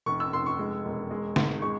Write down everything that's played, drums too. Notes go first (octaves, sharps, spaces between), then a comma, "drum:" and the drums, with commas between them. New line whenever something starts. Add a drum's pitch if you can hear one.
F1 C#6
E6
F1 C6
C#6
G#3
E1
G#3
G#1, drum: snare
G#3 C#6